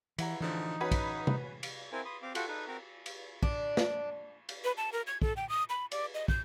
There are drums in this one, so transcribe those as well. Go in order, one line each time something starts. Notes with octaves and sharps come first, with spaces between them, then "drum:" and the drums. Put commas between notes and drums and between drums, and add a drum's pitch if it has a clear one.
E3 E4 F#5 A#5, drum: cymbal
A2 D3 E3 F3 D#4
C#4 F#4 B4 G#6
drum: kick, cymbal
drum: tom C3
drum: cymbal
C4 E4 A#4 C5 G5 G#5
B5 C6 D#6
C4 F5 D6
F4 F#4 A4 F#5 G5 C#6, drum: cymbal
D#4 A4 B4
C4 F#4 A#4 G5 A#5
drum: cymbal
D4, drum: kick
drum: snare
drum: cymbal
B4
A5
A#4
G#6
A4, drum: kick
G5
D#6
B5
D5, drum: cymbal
D#5
G6, drum: kick